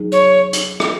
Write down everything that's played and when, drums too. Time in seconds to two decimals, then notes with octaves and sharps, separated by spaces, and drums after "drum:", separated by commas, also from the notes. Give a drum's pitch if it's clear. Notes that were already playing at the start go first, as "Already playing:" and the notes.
Already playing: F#3 D#4 G#4
0.12 C#5
0.53 drum: hi-hat
0.80 drum: rim click